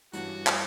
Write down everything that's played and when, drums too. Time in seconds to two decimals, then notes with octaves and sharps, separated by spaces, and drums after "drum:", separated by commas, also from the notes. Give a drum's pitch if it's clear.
0.13 G2 E3 G3 C#4 F#4, drum: hi-hat
0.47 drum: clap